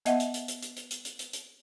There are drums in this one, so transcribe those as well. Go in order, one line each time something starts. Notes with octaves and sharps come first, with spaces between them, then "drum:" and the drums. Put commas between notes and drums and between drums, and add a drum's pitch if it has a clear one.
B3 D#5 E5 F#5, drum: hi-hat
drum: hi-hat
drum: hi-hat
drum: hi-hat
drum: hi-hat
drum: hi-hat
drum: hi-hat
drum: hi-hat
drum: hi-hat
drum: hi-hat